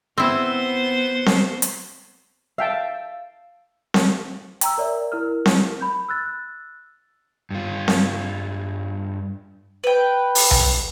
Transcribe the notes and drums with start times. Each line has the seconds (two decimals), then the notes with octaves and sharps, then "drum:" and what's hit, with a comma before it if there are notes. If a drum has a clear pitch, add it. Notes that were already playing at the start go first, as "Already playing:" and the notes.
0.18 B3 C4 E4 C5
1.26 drum: snare C4
1.62 drum: hi-hat
2.58 E5 F5 G5 A5
3.94 drum: snare C4
4.61 G5 A#5 E6, drum: hi-hat
4.78 A#4 C#5 D5 E5
5.12 E4 A#4 F6
5.46 drum: snare C4
5.81 B5 G6
6.09 E6 F#6 A6
7.51 G2 F4
7.88 drum: snare C4
9.84 B4 G5
10.35 drum: open hi-hat
10.51 drum: tom B1